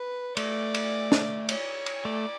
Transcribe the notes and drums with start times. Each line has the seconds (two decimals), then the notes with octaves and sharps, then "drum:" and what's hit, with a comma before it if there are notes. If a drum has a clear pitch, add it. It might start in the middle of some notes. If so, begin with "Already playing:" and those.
Already playing: B4
0.37 A3 D5, drum: cymbal
0.74 drum: cymbal
1.12 drum: snare
1.49 C#5, drum: cymbal
1.86 drum: cymbal
2.04 A3 D5